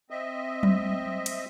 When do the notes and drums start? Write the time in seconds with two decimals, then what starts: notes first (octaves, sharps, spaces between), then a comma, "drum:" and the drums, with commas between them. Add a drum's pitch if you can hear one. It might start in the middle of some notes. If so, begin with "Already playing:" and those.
0.10 C4 D#5 E5
0.63 drum: tom F#3
1.26 drum: cymbal